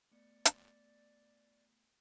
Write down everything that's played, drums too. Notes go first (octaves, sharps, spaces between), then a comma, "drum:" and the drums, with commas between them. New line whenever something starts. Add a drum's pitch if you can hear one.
A3 B3 D5 C#7
drum: hi-hat